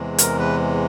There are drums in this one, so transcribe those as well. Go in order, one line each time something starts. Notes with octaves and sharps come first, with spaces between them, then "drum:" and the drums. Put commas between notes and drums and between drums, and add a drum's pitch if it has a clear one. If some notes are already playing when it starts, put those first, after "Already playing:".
Already playing: E2 C3 E3 G#3
A#4, drum: hi-hat
B4